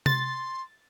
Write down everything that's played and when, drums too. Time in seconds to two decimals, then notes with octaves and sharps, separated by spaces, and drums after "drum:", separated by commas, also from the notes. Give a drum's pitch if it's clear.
0.06 C6 A6, drum: tom C3